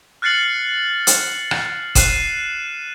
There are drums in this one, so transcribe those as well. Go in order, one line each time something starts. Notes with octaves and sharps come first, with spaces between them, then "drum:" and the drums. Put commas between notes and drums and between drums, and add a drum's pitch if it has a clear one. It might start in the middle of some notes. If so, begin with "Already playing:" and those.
F6 F#6 A6 C7 C#7 F#7
drum: hi-hat
drum: rim click
F#6 C7 D#7 E7, drum: kick, hi-hat